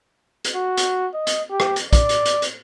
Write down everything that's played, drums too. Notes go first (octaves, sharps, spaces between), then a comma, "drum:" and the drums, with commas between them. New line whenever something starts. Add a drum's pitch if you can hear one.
drum: hi-hat
F#4
drum: hi-hat
D#5
drum: hi-hat
G4
drum: rim click
drum: hi-hat
D5, drum: kick, hi-hat
drum: hi-hat
drum: hi-hat
drum: hi-hat